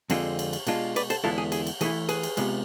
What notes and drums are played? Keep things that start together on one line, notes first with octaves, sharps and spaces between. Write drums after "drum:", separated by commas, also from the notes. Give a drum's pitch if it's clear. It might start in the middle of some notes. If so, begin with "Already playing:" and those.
F2 D3 G#3 C4 F4, drum: cymbal
drum: cymbal
drum: cymbal
B2 G#3 D4 F4, drum: cymbal
B4 D5, drum: cymbal
A4 C5, drum: cymbal
E2 D3 G#3 B3 E4 F4 A4
G#4
G#4, drum: cymbal
drum: cymbal
E3 A3 E4 G#4, drum: cymbal
G#4 B4, drum: cymbal
drum: cymbal
C3 G#3 B3 F4, drum: cymbal